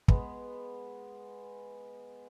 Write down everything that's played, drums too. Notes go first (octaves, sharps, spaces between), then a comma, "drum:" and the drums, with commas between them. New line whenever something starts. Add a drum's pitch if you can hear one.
G#3 B3, drum: kick